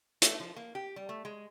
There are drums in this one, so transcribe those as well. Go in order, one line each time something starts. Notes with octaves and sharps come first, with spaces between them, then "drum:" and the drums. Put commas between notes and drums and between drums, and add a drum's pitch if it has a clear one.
A3, drum: hi-hat
F3
A#3
G4
G3
A3
G#3